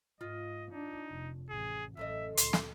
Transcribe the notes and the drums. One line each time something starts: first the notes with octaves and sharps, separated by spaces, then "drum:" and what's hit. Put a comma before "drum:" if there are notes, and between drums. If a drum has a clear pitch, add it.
G#2 F4 D#5
D4 D#4
F1
A1 G#4
A1 F#2 A3 D#5 E5
D2 A#2 C6, drum: hi-hat
drum: snare